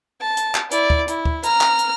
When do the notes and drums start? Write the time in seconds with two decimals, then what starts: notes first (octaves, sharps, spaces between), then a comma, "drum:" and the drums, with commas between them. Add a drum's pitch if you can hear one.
0.21 A5
0.37 drum: hi-hat
0.55 drum: clap
0.71 E4 D5, drum: hi-hat
0.90 drum: kick
1.08 E4, drum: hi-hat
1.25 drum: kick
1.43 A#5 F6, drum: hi-hat
1.61 drum: clap
1.79 drum: hi-hat